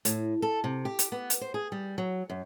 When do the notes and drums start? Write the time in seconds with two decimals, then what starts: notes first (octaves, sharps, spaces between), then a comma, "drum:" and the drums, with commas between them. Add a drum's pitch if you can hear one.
0.05 A2, drum: hi-hat
0.42 A4
0.64 C3
0.85 G4
0.99 drum: hi-hat
1.12 B3
1.30 drum: hi-hat
1.41 C5
1.54 G#4
1.72 G3
1.98 F#3
2.30 F#2